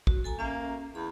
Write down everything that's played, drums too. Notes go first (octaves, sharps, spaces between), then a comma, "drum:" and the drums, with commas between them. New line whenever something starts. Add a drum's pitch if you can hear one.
F#4, drum: kick
A4 G#5 A#5
A#3 C#4 E5
E2 B5